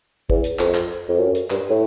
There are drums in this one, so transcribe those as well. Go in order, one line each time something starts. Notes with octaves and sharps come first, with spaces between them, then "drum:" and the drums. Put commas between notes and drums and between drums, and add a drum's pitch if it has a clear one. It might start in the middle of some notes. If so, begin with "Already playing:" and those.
E2, drum: kick
drum: hi-hat
F2, drum: clap
drum: clap
F2
F#2
drum: hi-hat
G2, drum: clap
A2